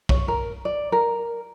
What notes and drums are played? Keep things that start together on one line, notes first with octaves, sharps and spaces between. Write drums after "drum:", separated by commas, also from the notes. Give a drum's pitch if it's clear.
C#5, drum: kick
A#4
D5
A#4